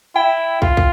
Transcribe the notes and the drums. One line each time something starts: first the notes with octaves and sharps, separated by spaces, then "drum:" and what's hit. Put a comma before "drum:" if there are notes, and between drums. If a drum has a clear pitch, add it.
E4 G5
F4, drum: kick
drum: kick